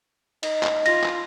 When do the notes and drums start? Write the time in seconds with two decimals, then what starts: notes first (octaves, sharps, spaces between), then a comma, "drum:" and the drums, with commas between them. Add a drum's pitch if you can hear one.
0.43 D#4, drum: cymbal
0.63 drum: clap
0.86 F4 A#6, drum: cymbal
1.04 drum: clap